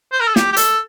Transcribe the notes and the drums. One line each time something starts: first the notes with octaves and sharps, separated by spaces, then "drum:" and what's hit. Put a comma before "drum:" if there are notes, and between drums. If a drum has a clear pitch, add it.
C5
A#4
A4
G4, drum: snare
G4
A4, drum: hi-hat